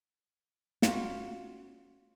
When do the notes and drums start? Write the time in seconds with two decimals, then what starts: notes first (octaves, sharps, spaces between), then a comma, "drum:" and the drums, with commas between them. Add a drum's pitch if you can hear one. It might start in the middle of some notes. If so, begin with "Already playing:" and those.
0.82 C#4 F4 F#4, drum: snare